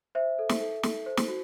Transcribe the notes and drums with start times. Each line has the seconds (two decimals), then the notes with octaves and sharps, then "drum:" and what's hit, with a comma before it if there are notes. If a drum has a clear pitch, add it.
0.15 C5 E5
0.39 A4
0.49 drum: snare
0.61 A4
0.83 A4, drum: snare
1.06 C5
1.17 drum: snare
1.28 F#4